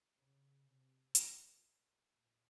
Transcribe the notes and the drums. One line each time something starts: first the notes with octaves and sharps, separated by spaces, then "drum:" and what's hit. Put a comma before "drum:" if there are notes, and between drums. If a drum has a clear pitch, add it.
C#3
C3
A#2, drum: hi-hat
A#2